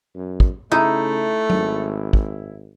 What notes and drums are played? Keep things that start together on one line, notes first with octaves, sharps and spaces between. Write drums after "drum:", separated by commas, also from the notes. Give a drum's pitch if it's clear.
F#2
drum: kick
C#3 A3 D#4 E4
G#1, drum: tom F#3
drum: kick